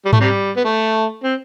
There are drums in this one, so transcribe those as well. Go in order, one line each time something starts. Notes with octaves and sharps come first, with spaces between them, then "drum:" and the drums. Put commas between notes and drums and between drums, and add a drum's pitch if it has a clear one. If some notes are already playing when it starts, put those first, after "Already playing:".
G3
A3, drum: tom G#2
C3 G3
B3
A3
C4